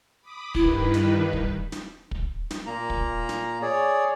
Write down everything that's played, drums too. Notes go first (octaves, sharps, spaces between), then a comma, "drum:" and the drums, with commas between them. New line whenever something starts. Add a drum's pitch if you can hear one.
B5 D6 D#6
G2 D#3 E4 B4, drum: kick
drum: snare
drum: kick
drum: snare
drum: kick
drum: snare
A#2 A#3 A#5
drum: kick
drum: snare
G#4 C#5 D5